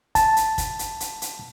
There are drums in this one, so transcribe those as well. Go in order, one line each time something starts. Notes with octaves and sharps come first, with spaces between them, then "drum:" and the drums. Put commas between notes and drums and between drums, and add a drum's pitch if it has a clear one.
A5, drum: kick, hi-hat
drum: hi-hat
drum: kick, hi-hat
drum: hi-hat
drum: hi-hat
drum: hi-hat